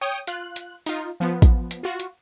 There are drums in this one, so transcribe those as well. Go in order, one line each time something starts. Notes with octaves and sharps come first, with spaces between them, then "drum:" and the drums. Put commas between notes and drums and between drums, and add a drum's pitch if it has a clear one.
C#5 G5 D#6
F4 F#6, drum: hi-hat
drum: hi-hat
D#4 F4, drum: open hi-hat
F3 B3
drum: kick A1, hi-hat
drum: hi-hat
F4 F#4
drum: hi-hat